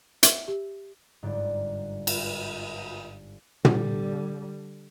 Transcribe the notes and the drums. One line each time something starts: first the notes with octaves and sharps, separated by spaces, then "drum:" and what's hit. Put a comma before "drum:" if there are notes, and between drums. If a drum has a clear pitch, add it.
E5, drum: hi-hat
G4
G1 G#2 D5
drum: cymbal
D3 G3, drum: tom